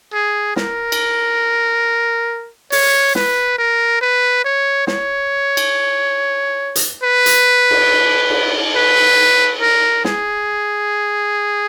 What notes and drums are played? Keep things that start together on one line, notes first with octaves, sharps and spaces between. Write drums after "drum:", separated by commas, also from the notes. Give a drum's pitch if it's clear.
G#4
A#4, drum: snare
drum: cymbal
C#5, drum: open hi-hat
B4, drum: snare
A#4
B4
C#5
C#5, drum: snare
drum: cymbal
drum: hi-hat
B4
drum: hi-hat
drum: cymbal
drum: cymbal
B4
A#4
G#4, drum: snare